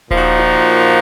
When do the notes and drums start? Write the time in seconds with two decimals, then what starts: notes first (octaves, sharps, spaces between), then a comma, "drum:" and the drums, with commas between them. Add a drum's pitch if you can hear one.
0.11 A#2 F3 A#3 D#4 F#4, drum: kick D#1
0.39 drum: tom D#4